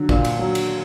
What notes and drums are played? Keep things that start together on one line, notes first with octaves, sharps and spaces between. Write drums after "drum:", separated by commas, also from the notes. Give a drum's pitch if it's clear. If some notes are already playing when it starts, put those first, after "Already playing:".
Already playing: D3 F#3
A#2, drum: kick
drum: cymbal
F#3
drum: cymbal